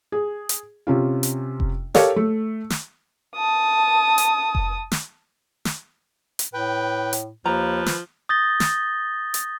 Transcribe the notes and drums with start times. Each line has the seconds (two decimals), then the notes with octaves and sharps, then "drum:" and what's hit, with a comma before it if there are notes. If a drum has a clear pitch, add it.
0.12 G#4
0.49 drum: hi-hat
0.87 C3 C#4 F4
1.23 drum: hi-hat
1.60 drum: kick F1
1.94 G4 A4 A#4 C#5 F5, drum: snare
2.16 A3
2.70 drum: snare
3.36 A5 D#6
4.18 drum: hi-hat
4.55 drum: kick F1
4.92 drum: snare
5.65 drum: snare
6.39 drum: hi-hat
6.54 A2 B4 G5
7.13 drum: hi-hat
7.46 D#2 F3 B4 A#5
7.86 drum: snare
8.29 D#6 G6 A6 A#6 G7
8.60 drum: snare
9.34 drum: hi-hat